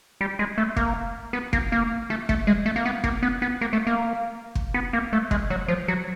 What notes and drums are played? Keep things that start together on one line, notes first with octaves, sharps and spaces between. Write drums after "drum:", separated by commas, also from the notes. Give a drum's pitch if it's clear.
G3
G#3
A3
A#3, drum: kick
B3
A#3, drum: kick
A#3
A3
A3, drum: kick
G#3
A3
A#3
B3
A#3, drum: kick
B3
B3
A#3
A3
A#3
drum: kick
B3
A#3
A3
G#3, drum: kick
F#3
F3
F#3